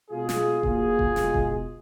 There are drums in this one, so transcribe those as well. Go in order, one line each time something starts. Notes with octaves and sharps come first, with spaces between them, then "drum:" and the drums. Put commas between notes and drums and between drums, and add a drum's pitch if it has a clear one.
B2 G#3 F4 G#4
drum: snare
A#2 F#3 F4 G#4, drum: kick E1
drum: kick E1
B2 G#3, drum: snare
drum: kick E1